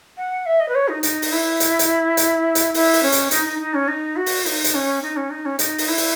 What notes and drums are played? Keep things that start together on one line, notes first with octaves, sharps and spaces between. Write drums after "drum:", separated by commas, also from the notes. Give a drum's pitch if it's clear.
F#5
E5
D#5
B4
C#5
D#4
D#4, drum: hi-hat
drum: open hi-hat
E4
drum: hi-hat
drum: hi-hat
drum: hi-hat
drum: hi-hat
E4, drum: open hi-hat
drum: open hi-hat
C#4
drum: hi-hat
D#4, drum: hi-hat
D#4
D#4
C#4
D#4
F#4
drum: open hi-hat
D#4, drum: open hi-hat
drum: hi-hat
C#4
D#4
C#4
D#4
C#4
D#4, drum: hi-hat
drum: open hi-hat
E4
drum: open hi-hat